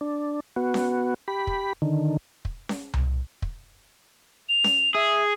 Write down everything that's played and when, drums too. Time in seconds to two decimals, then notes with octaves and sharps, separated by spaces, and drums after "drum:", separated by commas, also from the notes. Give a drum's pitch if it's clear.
0.01 D4
0.56 B3 F#4
0.74 drum: snare C#4
1.28 G4 B5
1.47 drum: kick
1.82 D3 D#3
2.45 drum: kick
2.69 drum: snare C#4
2.94 drum: tom C2
3.42 drum: kick
4.49 F7
4.64 drum: snare C#4
4.95 G#4 E5